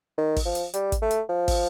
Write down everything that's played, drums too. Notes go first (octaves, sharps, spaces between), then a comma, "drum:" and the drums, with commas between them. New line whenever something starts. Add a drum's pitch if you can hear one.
D#3
drum: kick, open hi-hat
F3
drum: hi-hat
G3, drum: hi-hat
drum: kick, hi-hat
A3
drum: hi-hat
F3
drum: kick, open hi-hat